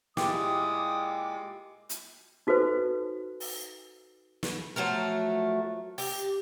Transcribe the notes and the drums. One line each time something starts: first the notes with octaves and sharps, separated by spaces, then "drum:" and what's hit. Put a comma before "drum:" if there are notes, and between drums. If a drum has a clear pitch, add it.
A#2 G#3 E4 G4 D6 D#6, drum: snare
drum: hi-hat
D#4 F#4 A4 B4 C5
drum: open hi-hat
drum: snare
F3 F#3 A3 A#4
G4, drum: open hi-hat